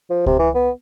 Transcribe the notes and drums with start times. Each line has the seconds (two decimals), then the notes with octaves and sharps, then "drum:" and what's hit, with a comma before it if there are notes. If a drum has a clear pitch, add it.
0.10 F3
0.26 C3, drum: kick C#2
0.39 E3
0.54 B3